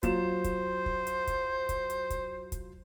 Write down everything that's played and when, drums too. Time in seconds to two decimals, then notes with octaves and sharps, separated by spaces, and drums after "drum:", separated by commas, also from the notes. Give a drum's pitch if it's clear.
0.03 F#3 F4 C5 E7, drum: kick, hi-hat
0.44 drum: kick, hi-hat
0.86 drum: kick
1.07 drum: hi-hat
1.27 drum: kick, hi-hat
1.69 drum: kick, hi-hat
1.90 drum: hi-hat
2.10 drum: kick, hi-hat
2.52 drum: kick, hi-hat